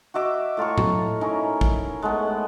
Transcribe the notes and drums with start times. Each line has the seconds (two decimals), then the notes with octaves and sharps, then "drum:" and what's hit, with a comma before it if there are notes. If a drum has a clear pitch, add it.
0.14 F#4 D#5 E5 D6
0.57 A2 F4 A#5 C#6
0.78 drum: tom A2
1.21 C#4 D#4 E4 A#4
1.61 drum: kick
2.02 G#3 A3 B3